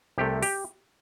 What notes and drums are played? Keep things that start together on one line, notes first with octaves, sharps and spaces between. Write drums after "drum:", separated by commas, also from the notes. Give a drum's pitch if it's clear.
C2 C3 A3 G4
G4, drum: open hi-hat